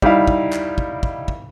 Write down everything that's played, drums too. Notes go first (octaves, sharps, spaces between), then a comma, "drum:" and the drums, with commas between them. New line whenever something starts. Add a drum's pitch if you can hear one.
G3 D#4 E4 E5 F5, drum: kick
drum: kick
drum: clap
drum: kick
drum: kick
drum: kick